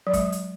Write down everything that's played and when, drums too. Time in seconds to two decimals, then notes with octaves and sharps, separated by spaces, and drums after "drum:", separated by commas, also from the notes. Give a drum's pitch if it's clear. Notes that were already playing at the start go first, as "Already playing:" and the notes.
0.07 F#3
0.13 G#3, drum: kick, hi-hat
0.32 drum: hi-hat